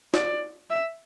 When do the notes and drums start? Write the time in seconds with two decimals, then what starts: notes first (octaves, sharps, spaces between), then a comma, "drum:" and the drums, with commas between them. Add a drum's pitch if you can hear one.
0.14 D5, drum: snare
0.70 E5